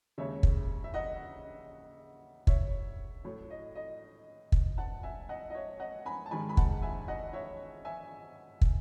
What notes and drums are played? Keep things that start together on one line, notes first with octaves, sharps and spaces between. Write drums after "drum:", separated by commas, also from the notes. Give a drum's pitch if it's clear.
D#2 C#3 G#3 C#5 E5
drum: kick
E5
D#5 F#5
C#5 E5, drum: kick
A2 F#3 A3 C#5
D#5
D#5
drum: kick
F#5 A5
E5 G#5
D#5 F#5
D#5
C#5 E5
D#5 F#5
G#5 B5
A5
G#2 D#3 G#3 G#5 B5
B5
F#5 A5, drum: kick
E5 G#5
D#5 F#5
C#5 E5
E5 G#5
drum: kick